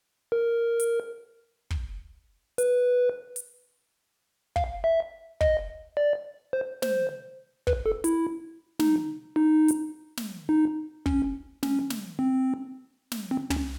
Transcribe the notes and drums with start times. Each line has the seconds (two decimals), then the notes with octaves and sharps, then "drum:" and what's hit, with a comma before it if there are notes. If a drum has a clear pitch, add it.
0.32 A#4
0.80 drum: hi-hat
1.70 drum: kick
2.58 B4, drum: hi-hat
3.36 drum: hi-hat
4.56 F5, drum: kick
4.84 E5
5.41 D#5, drum: kick
5.97 D5
6.53 C5
6.82 C5, drum: snare
7.67 B4, drum: kick
7.86 A4
8.04 E4, drum: hi-hat
8.80 D#4, drum: snare
9.36 D#4
9.68 drum: hi-hat
10.17 drum: snare
10.49 D#4
11.06 C#4, drum: kick
11.63 C#4, drum: snare
11.90 drum: snare
12.19 C4
13.12 drum: snare
13.31 C4
13.50 C#4, drum: tom